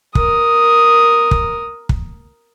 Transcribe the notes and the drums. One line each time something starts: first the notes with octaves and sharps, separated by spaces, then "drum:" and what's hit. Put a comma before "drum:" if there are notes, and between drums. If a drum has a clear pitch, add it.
A#4 D#6, drum: kick
drum: kick
drum: kick